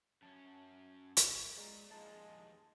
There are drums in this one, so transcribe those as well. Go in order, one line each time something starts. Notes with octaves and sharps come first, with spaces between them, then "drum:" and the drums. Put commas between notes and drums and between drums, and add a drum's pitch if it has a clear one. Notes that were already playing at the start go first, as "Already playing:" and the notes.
F#2 C#4 A5
drum: hi-hat
G#3 D5 A#5
D#2 F3 G#3 A5